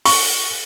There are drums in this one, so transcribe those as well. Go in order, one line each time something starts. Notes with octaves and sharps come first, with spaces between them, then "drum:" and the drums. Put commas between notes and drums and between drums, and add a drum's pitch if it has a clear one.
C#6, drum: open hi-hat